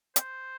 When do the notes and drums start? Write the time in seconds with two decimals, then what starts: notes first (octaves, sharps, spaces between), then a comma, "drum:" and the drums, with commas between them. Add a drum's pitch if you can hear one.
0.16 C5, drum: hi-hat